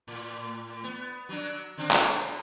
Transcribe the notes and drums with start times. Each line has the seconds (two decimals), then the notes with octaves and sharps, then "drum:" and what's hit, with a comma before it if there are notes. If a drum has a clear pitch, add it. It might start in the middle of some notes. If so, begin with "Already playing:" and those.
0.08 A2
0.84 B3
1.29 F#3 D4
1.78 D3 C4 D4
1.91 B2, drum: clap